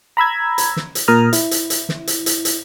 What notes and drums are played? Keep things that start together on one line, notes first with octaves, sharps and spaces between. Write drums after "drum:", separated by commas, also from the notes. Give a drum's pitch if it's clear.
A#5 B5 E6 G#6
drum: hi-hat
drum: snare
drum: hi-hat
A#2 A#4 A#5 D#6 F6
E4, drum: hi-hat
drum: hi-hat
drum: hi-hat
drum: snare
drum: hi-hat
drum: hi-hat
drum: hi-hat